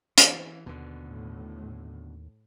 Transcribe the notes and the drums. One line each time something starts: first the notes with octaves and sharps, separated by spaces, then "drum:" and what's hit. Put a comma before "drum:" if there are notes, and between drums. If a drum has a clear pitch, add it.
E3, drum: hi-hat
D#2 B2 D3
A2